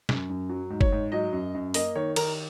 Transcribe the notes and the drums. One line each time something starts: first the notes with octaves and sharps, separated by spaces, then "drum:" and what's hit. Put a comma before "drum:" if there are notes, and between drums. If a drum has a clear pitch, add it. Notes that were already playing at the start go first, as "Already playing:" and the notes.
F#2, drum: snare
F#2
F#3
G#2
C#5, drum: kick G1
G#2
F#3 D#5
F#2
F#2
A#3 D#5, drum: open hi-hat
D#3 C#5
D#3 A#4, drum: cymbal